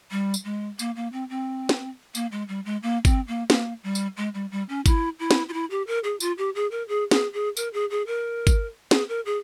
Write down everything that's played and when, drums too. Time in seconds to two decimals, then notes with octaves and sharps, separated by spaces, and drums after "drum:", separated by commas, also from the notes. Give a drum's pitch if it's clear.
0.11 G3
0.34 drum: tambourine
0.45 G#3
0.79 A#3, drum: tambourine
0.96 A#3
1.13 C4
1.30 C4
1.69 drum: snare
2.15 A#3, drum: tambourine
2.32 G#3
2.48 G3
2.65 G#3
2.83 A#3
3.05 C4, drum: kick, tambourine
3.28 A#3
3.50 A#3, drum: snare
3.84 G3
3.95 drum: tambourine
4.17 G#3
4.34 G3
4.51 G3
4.69 C#4
4.86 E4, drum: kick, tambourine
5.19 E4
5.31 drum: snare
5.49 F4
5.53 E4
5.71 G4
5.87 A#4
6.04 G#4
6.20 F4, drum: tambourine
6.38 G4
6.55 G#4
6.71 A#4
6.88 G#4
7.11 G#4, drum: snare
7.33 G#4
7.57 A#4, drum: tambourine
7.73 G#4
7.91 G#4
8.07 A#4
8.47 drum: kick, tambourine
8.91 G#4, drum: snare
9.09 A#4
9.26 G#4